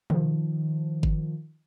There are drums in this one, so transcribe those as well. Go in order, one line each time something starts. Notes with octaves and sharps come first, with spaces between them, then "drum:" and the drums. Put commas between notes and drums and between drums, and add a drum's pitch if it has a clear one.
D#3 F3, drum: tom
drum: kick G1